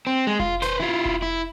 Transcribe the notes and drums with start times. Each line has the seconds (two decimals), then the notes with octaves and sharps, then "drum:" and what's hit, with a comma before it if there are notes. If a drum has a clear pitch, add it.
0.07 C4
0.27 G#3
0.39 F4, drum: kick F1
0.62 B4 C5, drum: snare
0.80 E4 F4
1.05 drum: kick F1
1.22 E4